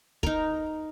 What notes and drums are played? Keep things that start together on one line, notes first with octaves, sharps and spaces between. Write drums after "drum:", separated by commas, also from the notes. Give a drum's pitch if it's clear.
D#4 A#4, drum: kick